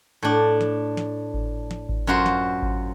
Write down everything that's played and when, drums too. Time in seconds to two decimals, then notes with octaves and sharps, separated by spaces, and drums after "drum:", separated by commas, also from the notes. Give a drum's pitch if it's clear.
0.23 A2 D4
0.61 drum: snare
0.97 drum: snare
1.34 drum: kick G#1
1.71 drum: snare
1.89 drum: kick G#1
2.07 F#2 F4 F#4 C5
2.26 drum: snare
2.62 drum: kick G#1